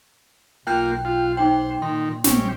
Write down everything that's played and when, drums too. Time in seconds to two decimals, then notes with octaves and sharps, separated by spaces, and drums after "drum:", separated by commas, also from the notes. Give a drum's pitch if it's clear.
0.67 B1 A#3 F4 G5 F#6 G6
1.05 F4
1.37 D#4 C5 G5
1.82 A#2 D#3 C6
2.24 A#1 C4 C#4 G4, drum: snare